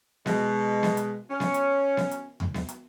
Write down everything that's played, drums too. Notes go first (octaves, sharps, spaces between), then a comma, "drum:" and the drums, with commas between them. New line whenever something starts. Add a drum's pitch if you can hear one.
B2 G#3, drum: snare B3
drum: snare B3
drum: hi-hat
C#4
drum: snare B3
drum: hi-hat
drum: snare B3
drum: hi-hat
drum: tom E2
drum: snare B3
drum: hi-hat